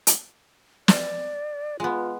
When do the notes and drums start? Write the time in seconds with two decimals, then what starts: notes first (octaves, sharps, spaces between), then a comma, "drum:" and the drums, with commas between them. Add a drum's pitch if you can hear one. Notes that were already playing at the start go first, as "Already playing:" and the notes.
0.07 drum: hi-hat
0.88 D5, drum: snare
1.80 G#3 B3 F4